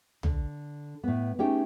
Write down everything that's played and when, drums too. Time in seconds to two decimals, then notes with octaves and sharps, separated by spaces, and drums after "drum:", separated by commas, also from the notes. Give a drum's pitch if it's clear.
0.23 D3, drum: tom
1.04 A2 B3
1.39 A3 C#4 D#4 G4 G#4 G5